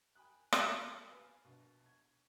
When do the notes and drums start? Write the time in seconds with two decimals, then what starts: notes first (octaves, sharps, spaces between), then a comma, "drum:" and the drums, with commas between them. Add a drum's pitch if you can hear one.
0.15 G5 G#5 B5 D#6 F#6
0.52 drum: rim click
1.09 B4 F5 G#5
1.45 A#1 B2
1.86 G#6